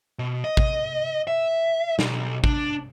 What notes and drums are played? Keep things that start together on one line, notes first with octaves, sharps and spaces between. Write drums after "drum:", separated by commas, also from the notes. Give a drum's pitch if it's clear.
B2
D#5
drum: kick
E5
B1, drum: snare
D4, drum: kick